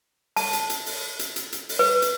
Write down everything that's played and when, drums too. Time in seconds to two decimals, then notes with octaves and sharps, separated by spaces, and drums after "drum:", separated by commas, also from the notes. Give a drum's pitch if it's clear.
0.37 A5, drum: open hi-hat
0.53 drum: hi-hat
0.70 drum: hi-hat
0.86 drum: open hi-hat
1.19 drum: hi-hat
1.36 drum: hi-hat
1.52 drum: hi-hat
1.69 drum: open hi-hat
1.79 B4
2.02 drum: hi-hat